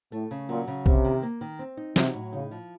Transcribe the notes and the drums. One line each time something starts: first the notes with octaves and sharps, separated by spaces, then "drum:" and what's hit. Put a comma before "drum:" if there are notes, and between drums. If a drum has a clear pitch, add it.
A2 A3
C#3
A#2 F#3
C#3
C3 C#4, drum: kick B1
D#3
A#3
D#3
C4
D#4
C3 F#3, drum: snare
A2
C#3 D#4
F3